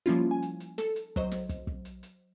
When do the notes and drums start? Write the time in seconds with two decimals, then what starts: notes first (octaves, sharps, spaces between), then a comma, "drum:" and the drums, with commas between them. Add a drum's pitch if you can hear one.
0.06 F3 G3 A#3 C#4 E4 F4
0.31 G#5
0.42 drum: hi-hat
0.60 drum: hi-hat
0.78 A4, drum: snare
0.96 drum: hi-hat
1.16 F#3 C5 D#5, drum: kick, hi-hat
1.31 drum: snare
1.49 drum: kick, hi-hat
1.67 drum: kick
1.85 drum: hi-hat
2.03 drum: hi-hat